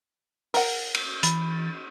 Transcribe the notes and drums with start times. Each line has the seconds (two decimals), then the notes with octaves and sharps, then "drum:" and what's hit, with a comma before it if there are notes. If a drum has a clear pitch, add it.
0.54 A#4 F#5, drum: open hi-hat
0.94 drum: cymbal
1.23 E3 B5 A6, drum: hi-hat